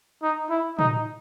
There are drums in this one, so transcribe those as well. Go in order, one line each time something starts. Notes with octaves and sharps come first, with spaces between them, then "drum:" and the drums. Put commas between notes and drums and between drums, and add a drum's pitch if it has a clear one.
D#4
E4
D#4, drum: tom